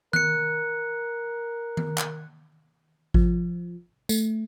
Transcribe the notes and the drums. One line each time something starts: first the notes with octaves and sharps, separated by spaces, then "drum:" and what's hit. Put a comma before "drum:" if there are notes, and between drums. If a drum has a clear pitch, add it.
A#4 F#6 C#7, drum: tom D#3
drum: tom D#3
drum: clap
F3, drum: kick G#1
A3, drum: tambourine